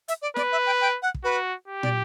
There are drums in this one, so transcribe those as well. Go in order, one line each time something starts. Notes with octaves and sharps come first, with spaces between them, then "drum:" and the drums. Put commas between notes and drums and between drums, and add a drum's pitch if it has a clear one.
E5, drum: hi-hat
D5
B4 D5, drum: snare
E5
G5
G5
F#5
drum: kick
F#4 B4
G4
D5, drum: tom